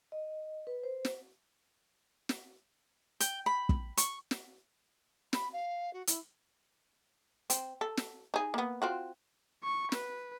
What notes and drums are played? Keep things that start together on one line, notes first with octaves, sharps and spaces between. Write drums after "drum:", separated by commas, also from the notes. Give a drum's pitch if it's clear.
D#5
B4
C5
drum: snare
drum: snare
G5, drum: hi-hat
B5
drum: kick
C#6, drum: hi-hat
drum: snare
B5, drum: snare
F5
F#4
E4, drum: hi-hat
C4, drum: hi-hat
A4
drum: snare
D#4 G#4
A#3 B3
C4 F4 F#4
C#6
B4, drum: snare